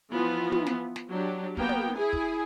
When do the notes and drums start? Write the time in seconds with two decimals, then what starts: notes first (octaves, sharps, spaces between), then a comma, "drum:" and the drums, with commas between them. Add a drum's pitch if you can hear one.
0.11 E3 F3 B3 F4
0.52 drum: tom
0.67 drum: snare
0.96 drum: snare
1.10 F#3 D4 G4
1.57 A#3 B3 G5, drum: kick
1.69 drum: tom
1.97 E4 G#4 G#5
2.13 drum: kick